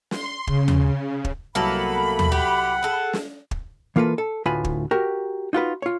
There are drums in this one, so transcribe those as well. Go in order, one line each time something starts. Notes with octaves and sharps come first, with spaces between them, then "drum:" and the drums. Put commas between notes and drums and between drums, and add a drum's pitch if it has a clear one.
C6, drum: snare
C#3, drum: kick
drum: tom D#2
drum: kick
C2 F#3 A#3 B3 A4 B5 F#7
drum: tom D#2
G4 F#5
G#4 A4
drum: snare
drum: kick
E3 A#3 F4 A4 B4
A4
D2 A2 F4 B4 G#5 B5
drum: kick
F#4 G4 A#4
D#4 F4 F#4 B4
F4 C#5